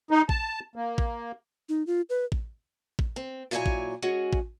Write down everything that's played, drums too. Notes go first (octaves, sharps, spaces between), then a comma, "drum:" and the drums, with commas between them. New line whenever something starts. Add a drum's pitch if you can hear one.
D#4
A5, drum: kick A1
A#3
drum: kick A1
D#4
F4
B4
drum: kick A1
drum: kick A1
C4
A#2 E3 F#3 A4 C#5 G#5
drum: kick A1
G#3 C#4 F#4 G#4
drum: kick A1